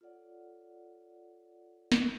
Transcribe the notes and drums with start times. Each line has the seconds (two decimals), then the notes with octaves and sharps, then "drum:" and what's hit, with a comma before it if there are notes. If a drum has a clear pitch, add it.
0.01 F4 A4 C#5 D5 F#5
1.92 drum: snare